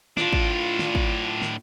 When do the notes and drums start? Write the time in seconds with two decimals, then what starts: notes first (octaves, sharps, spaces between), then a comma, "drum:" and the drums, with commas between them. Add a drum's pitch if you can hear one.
0.17 A2 D4 F4, drum: snare
0.33 drum: kick
0.79 drum: snare
0.95 drum: kick
1.42 drum: snare